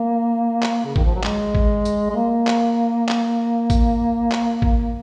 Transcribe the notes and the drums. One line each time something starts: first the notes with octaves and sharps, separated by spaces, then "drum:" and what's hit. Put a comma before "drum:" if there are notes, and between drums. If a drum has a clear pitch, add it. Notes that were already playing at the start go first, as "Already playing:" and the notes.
Already playing: A#3
drum: clap
C#3
D#3, drum: kick
F3
F#3
G#3, drum: clap
drum: kick
drum: tambourine
G#3
A#3
drum: clap
drum: clap
drum: kick, tambourine
drum: clap
drum: kick